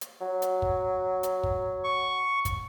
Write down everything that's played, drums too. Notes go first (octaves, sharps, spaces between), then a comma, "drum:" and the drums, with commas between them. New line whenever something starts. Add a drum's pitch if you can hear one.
drum: hi-hat
F#3
drum: hi-hat
drum: kick
drum: hi-hat
drum: kick
C#6
drum: kick, hi-hat